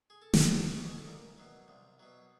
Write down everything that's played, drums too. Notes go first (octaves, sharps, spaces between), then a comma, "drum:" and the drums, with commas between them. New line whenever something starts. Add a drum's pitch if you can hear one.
G#4
A4
A#4, drum: snare
C2 B4
F#4
B2 F#3 G4
G#4
A4
C2 A#4
B2 F#3
C2
B2 F#3